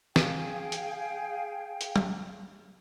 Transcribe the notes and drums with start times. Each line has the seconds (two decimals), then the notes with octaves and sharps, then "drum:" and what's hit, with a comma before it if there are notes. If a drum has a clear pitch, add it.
0.16 G#4 F5 G5, drum: snare
0.72 drum: hi-hat
1.81 drum: hi-hat
1.96 drum: tom